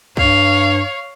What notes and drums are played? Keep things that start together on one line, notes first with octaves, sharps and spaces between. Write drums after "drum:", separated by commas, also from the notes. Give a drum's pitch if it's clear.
G2 C#5 F5, drum: kick